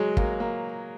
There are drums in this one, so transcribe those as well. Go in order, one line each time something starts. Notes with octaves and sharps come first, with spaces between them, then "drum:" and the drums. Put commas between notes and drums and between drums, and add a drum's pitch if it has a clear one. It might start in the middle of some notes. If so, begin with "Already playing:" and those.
Already playing: F#3 G#3
A#3, drum: kick
A#3